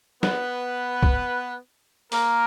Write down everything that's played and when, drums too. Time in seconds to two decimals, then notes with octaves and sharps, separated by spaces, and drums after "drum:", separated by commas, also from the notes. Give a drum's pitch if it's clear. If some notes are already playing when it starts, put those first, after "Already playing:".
0.23 B3 B4, drum: snare
1.03 drum: kick
2.12 A#3 A#4, drum: open hi-hat